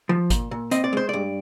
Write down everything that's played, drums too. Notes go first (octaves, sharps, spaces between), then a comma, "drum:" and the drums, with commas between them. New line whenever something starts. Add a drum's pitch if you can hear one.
F3
A#2, drum: kick G#1, hi-hat
A#2
C4 D#5, drum: hi-hat
D5
G#3 C5
G2 D5